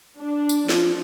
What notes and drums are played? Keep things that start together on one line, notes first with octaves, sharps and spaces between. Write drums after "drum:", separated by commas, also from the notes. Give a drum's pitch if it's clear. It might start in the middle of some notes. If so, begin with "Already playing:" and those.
D4
drum: tambourine
F3, drum: snare